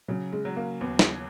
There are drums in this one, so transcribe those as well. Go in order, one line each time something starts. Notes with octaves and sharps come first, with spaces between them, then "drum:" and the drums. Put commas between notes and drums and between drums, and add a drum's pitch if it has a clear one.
C#3 F#3
G#3
F#3
A#3
D#2 B3
drum: snare